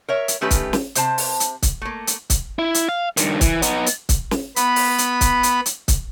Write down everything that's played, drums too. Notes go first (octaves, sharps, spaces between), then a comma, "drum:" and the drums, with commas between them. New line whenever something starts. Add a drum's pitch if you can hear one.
A#4 C#5 E5
drum: hi-hat
D#3 A3 C#4 G4 B4
drum: kick, hi-hat
drum: snare
C3 C5 A5, drum: hi-hat
drum: open hi-hat
drum: hi-hat
drum: kick, hi-hat
A3 A#3
drum: hi-hat
drum: kick, hi-hat
E4
drum: hi-hat
F5
G2 D#3, drum: hi-hat
E3, drum: kick, hi-hat
B3 D#4, drum: hi-hat
drum: hi-hat
drum: kick, hi-hat
drum: snare
B3 B5, drum: hi-hat
drum: open hi-hat
drum: hi-hat
drum: kick, hi-hat
drum: hi-hat
drum: hi-hat
drum: kick, hi-hat